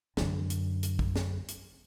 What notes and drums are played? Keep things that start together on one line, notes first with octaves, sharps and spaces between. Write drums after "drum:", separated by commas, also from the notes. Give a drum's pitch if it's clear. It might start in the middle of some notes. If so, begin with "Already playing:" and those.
F#2 D3, drum: snare
drum: hi-hat
drum: hi-hat
drum: kick
drum: snare
drum: hi-hat